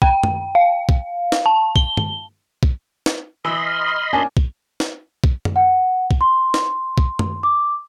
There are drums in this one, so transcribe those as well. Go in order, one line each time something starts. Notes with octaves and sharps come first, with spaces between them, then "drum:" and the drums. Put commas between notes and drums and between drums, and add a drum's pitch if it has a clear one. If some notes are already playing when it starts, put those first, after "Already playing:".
G5, drum: kick
drum: tom F#2
F5
drum: kick
drum: snare
A5
G7, drum: kick
drum: tom
drum: kick
drum: snare
E3 D#5 B5 C6 E6
F6
A#3 C#4 D4 G#5 A5
drum: kick
drum: snare
drum: kick
drum: tom F#2
F#5
drum: kick
C6
drum: snare
drum: kick
drum: tom F#2
D6